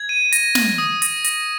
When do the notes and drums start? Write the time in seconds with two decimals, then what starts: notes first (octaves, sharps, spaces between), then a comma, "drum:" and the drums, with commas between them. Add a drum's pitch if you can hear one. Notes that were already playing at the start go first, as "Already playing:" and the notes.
Already playing: G#6
0.09 D#7
0.32 A#6, drum: hi-hat
0.55 A#6, drum: snare
0.78 D#6
1.02 A#6, drum: hi-hat
1.24 A#6, drum: hi-hat